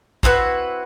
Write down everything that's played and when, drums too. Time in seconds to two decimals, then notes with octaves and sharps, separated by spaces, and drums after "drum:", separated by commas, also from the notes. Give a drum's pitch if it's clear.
0.23 C4 E4 F#4 B4, drum: kick